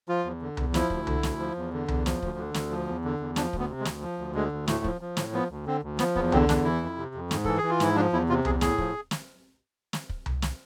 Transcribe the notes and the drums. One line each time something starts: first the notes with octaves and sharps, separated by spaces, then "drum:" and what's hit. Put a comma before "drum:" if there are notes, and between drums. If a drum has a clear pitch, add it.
F3 F4
E2
D3
E2, drum: tom C2
F3 E4, drum: snare
D2, drum: kick
D3, drum: tom C2
D2, drum: snare
F3
E2
D3
E2, drum: tom C2
F3, drum: snare
D2, drum: kick
D3
D2, drum: snare
F3
E2
D3
E2
F3 D4, drum: snare
D2, drum: kick
B3
C3
G#3
D2, drum: snare
F3
D2
D3 G#3
D2
A2 A3, drum: snare
F3, drum: kick
F3
A2, drum: snare
F3 B3
D2
D3 C4
D2
F3 B3, drum: snare
E2 B3, drum: kick
D3 C4, drum: tom C2
E2 D4, drum: snare
E3 E4
F2
C3
F2
G#2, drum: snare
E3 A4, drum: kick
G#4
E3
F4
G#2 E4, drum: snare
F3 D4
E2 E4
C3 F4
E2 G#4, drum: tom C2
A2 G#4, drum: snare
F3, drum: kick
drum: snare
drum: snare
drum: kick
drum: tom C2
drum: snare